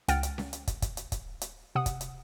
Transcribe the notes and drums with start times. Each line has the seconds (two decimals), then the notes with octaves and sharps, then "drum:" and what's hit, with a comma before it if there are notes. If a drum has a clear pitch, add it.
0.08 C#2 F#5 G5 F6 A6 D7, drum: hi-hat
0.23 drum: hi-hat
0.38 drum: snare C#4
0.53 drum: hi-hat
0.67 drum: kick, hi-hat
0.82 drum: kick, hi-hat
0.97 drum: hi-hat
1.12 drum: kick, hi-hat
1.41 drum: hi-hat
1.75 C3 F#5 D#6
1.86 drum: kick, hi-hat
2.01 drum: hi-hat